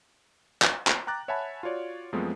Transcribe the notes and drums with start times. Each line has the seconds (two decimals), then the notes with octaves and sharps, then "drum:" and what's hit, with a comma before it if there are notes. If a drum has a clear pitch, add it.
0.62 drum: clap
0.87 drum: clap
1.07 G5 A#5 D6 F#6 A6
1.28 C#5 E5 F#5 G#5 A5 B5
1.63 F4 F#4 C#5 D5
2.13 F#2 F3 G#3 A3 B3 C4